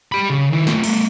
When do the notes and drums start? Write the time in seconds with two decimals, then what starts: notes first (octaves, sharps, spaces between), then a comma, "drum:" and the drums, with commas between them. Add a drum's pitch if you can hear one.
0.12 G4 B5
0.30 C#3
0.51 D#3 E4
0.67 A3 F4, drum: snare
0.84 A3 B3, drum: cymbal